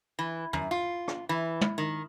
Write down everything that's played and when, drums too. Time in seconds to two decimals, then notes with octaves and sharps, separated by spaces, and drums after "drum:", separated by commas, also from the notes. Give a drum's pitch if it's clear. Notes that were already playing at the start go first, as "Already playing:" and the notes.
0.19 E3
0.53 F#2, drum: tom
0.71 F4
1.08 drum: rim click
1.29 E3
1.61 drum: tom
1.78 D#3